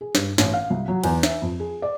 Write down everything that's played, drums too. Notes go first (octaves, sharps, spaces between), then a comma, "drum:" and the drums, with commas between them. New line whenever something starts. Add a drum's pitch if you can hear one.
G#4
G2, drum: snare
A1, drum: snare
F5
C2
F#3
E2, drum: cymbal
E5, drum: snare
F2
G#4
D5